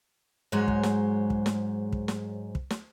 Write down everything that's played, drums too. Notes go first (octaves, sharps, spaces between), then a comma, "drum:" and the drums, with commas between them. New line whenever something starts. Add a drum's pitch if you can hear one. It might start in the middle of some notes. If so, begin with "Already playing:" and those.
G#2 F#3 G#3 C5 C#5
drum: kick
drum: snare
drum: kick
drum: snare
drum: kick
drum: snare
drum: kick
drum: snare